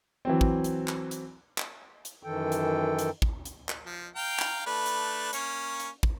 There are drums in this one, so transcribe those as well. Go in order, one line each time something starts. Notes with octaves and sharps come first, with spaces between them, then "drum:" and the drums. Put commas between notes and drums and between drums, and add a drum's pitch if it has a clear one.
E3 F#3 C4
drum: kick
drum: hi-hat
drum: clap
drum: hi-hat
drum: clap
drum: hi-hat
F#2 D#3 E3 A4 G5
drum: hi-hat
drum: hi-hat
drum: kick
drum: hi-hat
drum: clap
F3
F5 G5 A#5
drum: clap
A3 D4 B4
drum: hi-hat
A#3 C#4 C#5, drum: hi-hat
drum: hi-hat
drum: kick